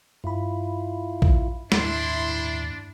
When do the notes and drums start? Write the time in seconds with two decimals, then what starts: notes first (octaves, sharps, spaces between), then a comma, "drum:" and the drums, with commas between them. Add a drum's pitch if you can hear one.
0.24 G2 E4 F4 B5
1.22 drum: kick A#1
1.72 D#2 A2 D4 E4 C6, drum: snare